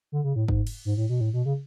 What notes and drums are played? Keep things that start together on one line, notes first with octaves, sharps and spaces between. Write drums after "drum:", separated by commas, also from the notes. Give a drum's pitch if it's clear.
D3
C#3
A2
G#2, drum: kick
drum: cymbal
G#2
A2
B2
A2
B2
C#3